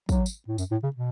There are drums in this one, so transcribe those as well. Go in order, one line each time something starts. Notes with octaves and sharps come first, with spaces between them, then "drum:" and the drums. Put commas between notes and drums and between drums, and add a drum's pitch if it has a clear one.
F#3, drum: kick, tambourine
drum: tambourine
A2
F#2, drum: tambourine
A2
C#3
B2